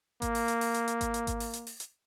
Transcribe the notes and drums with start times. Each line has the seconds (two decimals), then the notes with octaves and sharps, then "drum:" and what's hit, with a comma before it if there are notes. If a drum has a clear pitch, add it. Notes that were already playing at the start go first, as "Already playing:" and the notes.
0.22 A#3, drum: kick G#1, hi-hat
0.35 drum: open hi-hat
0.48 drum: hi-hat
0.61 drum: open hi-hat
0.74 drum: hi-hat
0.88 drum: hi-hat
1.01 drum: kick G#1, hi-hat
1.14 drum: hi-hat
1.27 drum: kick G#1, hi-hat
1.40 drum: open hi-hat
1.53 drum: hi-hat
1.67 drum: open hi-hat
1.80 drum: hi-hat